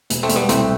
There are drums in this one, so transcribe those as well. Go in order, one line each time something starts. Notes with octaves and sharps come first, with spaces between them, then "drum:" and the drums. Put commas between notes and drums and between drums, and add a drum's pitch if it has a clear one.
E1, drum: hi-hat
A3 C4
E1, drum: hi-hat
G3 B3
C2 A3 C4, drum: hi-hat